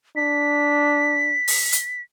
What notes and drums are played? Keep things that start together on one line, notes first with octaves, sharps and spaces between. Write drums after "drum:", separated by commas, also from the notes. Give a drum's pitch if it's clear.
D4 B6
drum: open hi-hat
drum: hi-hat